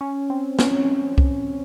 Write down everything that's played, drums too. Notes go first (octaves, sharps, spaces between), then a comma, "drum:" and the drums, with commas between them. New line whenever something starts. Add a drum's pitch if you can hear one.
C#4
C4
C#4, drum: snare
drum: kick C2